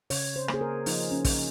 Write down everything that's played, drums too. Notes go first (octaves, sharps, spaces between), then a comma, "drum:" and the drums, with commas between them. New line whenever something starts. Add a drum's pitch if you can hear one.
C#3 C#5, drum: open hi-hat
C5
A#3, drum: rim click
G#4
A#4
F3 D#4, drum: open hi-hat
C#4
C#3, drum: kick, open hi-hat